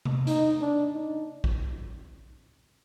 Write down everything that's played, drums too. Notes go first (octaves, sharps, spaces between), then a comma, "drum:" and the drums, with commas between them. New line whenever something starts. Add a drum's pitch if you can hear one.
drum: tom C3
D#4, drum: hi-hat
D4
D#4
drum: kick A#1